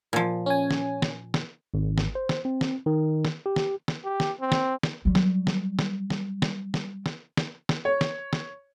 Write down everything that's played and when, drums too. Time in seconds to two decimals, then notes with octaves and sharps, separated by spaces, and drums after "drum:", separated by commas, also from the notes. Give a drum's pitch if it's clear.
0.13 A#2 F3
0.46 C#4 G#5
0.71 drum: snare
1.02 drum: snare
1.34 drum: snare
1.74 G#1
1.98 drum: snare
2.15 C5
2.29 drum: snare
2.45 C4
2.61 drum: snare
2.86 D#3
3.25 drum: snare
3.46 G4
3.56 drum: snare
3.88 drum: snare
4.04 G4
4.20 drum: snare
4.41 C4
4.52 drum: snare
4.83 drum: snare
5.05 F#3 G3
5.15 drum: snare
5.47 drum: snare
5.79 drum: snare
6.10 drum: snare
6.42 drum: snare
6.74 drum: snare
7.06 drum: snare
7.37 drum: snare
7.69 drum: snare
7.85 C#5
8.01 drum: snare
8.33 drum: snare